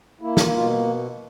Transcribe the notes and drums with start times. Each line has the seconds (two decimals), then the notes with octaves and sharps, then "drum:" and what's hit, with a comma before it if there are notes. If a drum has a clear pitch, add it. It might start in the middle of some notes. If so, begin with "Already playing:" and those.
0.21 A#3 E4
0.37 F4, drum: snare
0.51 B2 F4